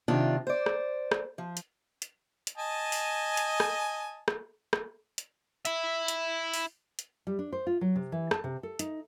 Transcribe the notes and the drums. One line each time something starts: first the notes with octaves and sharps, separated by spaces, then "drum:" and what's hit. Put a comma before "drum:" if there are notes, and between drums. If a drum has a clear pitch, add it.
C3 D#3 D4 F4
C5 D5
drum: rim click
drum: rim click
F3
drum: hi-hat
drum: hi-hat
drum: hi-hat
D#5 G#5 A5
drum: open hi-hat
drum: hi-hat
drum: rim click
drum: rim click
drum: rim click
drum: hi-hat
E4 E5, drum: hi-hat
drum: hi-hat
drum: open hi-hat
drum: hi-hat
G3
D4
C5
F4
F#3
C3
E3
A5, drum: rim click
C3
A4
D#4, drum: hi-hat